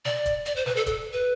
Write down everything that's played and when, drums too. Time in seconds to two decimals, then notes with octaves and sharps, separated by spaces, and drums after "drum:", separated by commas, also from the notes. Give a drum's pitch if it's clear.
0.05 D5, drum: snare
0.26 drum: kick, hi-hat
0.46 D5, drum: hi-hat
0.56 C5
0.66 B4, drum: snare
0.76 A4
0.86 A4, drum: kick, hi-hat
1.13 B4